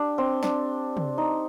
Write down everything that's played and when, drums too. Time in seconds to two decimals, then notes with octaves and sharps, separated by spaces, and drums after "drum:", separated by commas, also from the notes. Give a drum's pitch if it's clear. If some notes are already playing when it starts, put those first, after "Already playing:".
Already playing: D4 G4
0.18 C4
0.43 D4, drum: snare
0.97 drum: tom
1.18 D#4